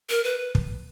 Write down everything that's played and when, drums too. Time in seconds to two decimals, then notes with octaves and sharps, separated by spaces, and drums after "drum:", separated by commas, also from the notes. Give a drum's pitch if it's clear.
0.10 A#4
0.24 B4
0.55 drum: kick